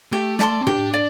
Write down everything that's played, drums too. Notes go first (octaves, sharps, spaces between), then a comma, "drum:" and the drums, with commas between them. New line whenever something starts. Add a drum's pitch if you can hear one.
A3 G4
D5 A5 C6, drum: snare
C4
D4 G4, drum: tom
D5